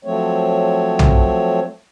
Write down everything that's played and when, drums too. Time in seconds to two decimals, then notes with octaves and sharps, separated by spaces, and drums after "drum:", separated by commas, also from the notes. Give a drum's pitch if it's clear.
0.05 F3 F#3 A3 C4 C#5
0.99 drum: tom B1